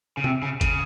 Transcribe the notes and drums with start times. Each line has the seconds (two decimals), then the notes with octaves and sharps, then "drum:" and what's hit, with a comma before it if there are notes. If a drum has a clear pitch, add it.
0.17 C#3
0.24 C3, drum: tom C3
0.43 C#3
0.61 C#3, drum: kick G1, hi-hat